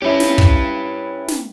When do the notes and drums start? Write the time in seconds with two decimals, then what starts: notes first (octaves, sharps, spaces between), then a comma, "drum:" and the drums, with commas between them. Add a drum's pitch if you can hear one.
0.02 C#4 E4 G4 B4
0.20 drum: snare
0.38 drum: kick
1.28 drum: snare